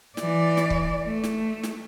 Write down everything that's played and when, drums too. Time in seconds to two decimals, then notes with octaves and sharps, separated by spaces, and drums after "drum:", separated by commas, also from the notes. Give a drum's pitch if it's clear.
0.17 E3 D5, drum: snare
0.57 drum: snare
0.70 drum: kick
1.06 A3
1.24 drum: snare
1.63 drum: snare